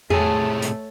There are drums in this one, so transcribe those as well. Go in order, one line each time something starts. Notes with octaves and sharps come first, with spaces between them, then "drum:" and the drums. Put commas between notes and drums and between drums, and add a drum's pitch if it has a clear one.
A2 C3 A3 G#4 A4 C#5 A5, drum: tom E2
drum: hi-hat